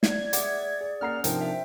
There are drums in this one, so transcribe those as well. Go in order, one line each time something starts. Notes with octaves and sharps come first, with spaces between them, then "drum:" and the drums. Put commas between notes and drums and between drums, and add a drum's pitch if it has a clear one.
D5 G#6, drum: snare
G#4 E5 F#5 D6, drum: hi-hat
G#4
A#3 C#4 F#5 A#5 F6 C7
C3 F3 D4 D#4 A#4 G5, drum: hi-hat
C5 E5 G5